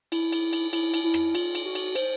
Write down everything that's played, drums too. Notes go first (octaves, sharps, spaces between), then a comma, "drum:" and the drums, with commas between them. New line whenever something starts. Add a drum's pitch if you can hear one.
E4, drum: cymbal
drum: cymbal
drum: cymbal
E4, drum: cymbal
drum: cymbal
E4
drum: rim click
F4, drum: cymbal
drum: cymbal
F#4
drum: cymbal
C5, drum: cymbal